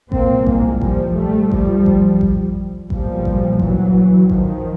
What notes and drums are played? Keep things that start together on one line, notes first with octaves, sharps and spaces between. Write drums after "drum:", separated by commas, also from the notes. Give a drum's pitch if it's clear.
C2 A#2 A#3 C4, drum: kick A1
G#3 A#3, drum: kick A1
F3 G3, drum: kick A1
G3 A3
F3 G3, drum: kick A1
drum: kick A1
drum: kick A1
B1 A#2 F3 G3, drum: kick A1
drum: kick A1
E3 F#3, drum: kick A1
D#3 F3, drum: kick A1